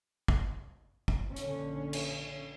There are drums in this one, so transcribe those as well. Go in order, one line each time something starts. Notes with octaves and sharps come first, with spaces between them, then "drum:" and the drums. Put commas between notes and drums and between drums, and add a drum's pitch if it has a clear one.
drum: kick
drum: kick
A#1 D3 C#4, drum: hi-hat
drum: cymbal